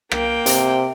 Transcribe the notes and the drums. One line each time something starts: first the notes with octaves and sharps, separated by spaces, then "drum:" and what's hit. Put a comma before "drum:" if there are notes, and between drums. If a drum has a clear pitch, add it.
A#3 G5, drum: rim click
C3, drum: hi-hat